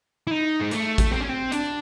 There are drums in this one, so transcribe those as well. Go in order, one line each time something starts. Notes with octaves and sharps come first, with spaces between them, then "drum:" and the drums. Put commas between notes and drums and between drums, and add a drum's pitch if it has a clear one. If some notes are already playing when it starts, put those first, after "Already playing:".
E4
D#4
G#3
A3, drum: hi-hat
drum: kick A1, hi-hat
C4
C#4
C4
D4, drum: hi-hat